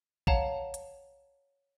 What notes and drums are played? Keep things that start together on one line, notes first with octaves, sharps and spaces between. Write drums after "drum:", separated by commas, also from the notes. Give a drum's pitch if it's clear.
C#5 F5 F#5 A5 A#5, drum: kick A#1
drum: hi-hat